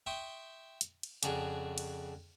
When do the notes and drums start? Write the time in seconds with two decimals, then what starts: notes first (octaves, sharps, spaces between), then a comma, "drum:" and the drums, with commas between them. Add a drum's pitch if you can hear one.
0.06 E5 G5 C6 C#6 D#6
0.81 drum: hi-hat
1.03 drum: cymbal
1.23 F2 C#3 D4 F#4 G#4, drum: hi-hat
1.78 drum: cymbal